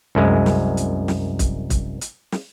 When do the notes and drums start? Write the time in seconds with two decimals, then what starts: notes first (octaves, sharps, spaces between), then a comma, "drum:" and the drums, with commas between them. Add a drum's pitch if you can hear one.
0.15 C2 F#2 G#3
0.46 drum: snare
0.77 drum: hi-hat
1.08 drum: snare
1.39 drum: kick, hi-hat
1.70 drum: kick, hi-hat
2.01 drum: hi-hat
2.32 drum: snare